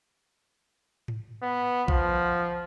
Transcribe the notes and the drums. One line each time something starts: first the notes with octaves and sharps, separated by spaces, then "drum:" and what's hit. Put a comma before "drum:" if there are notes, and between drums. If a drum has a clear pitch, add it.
drum: tom G#2
B3
F3, drum: kick A#1